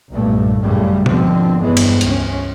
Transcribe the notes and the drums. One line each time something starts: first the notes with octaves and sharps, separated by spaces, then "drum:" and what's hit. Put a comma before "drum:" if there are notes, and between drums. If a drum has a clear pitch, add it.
B1 G2 A#2 A3
A1 F#2 A2 C#3 G3 A3
G#1 D#2 B2 D3 F3 C4, drum: tom B2
E2 G2 E3 G#3 B3
drum: cymbal
C#2 C#4, drum: hi-hat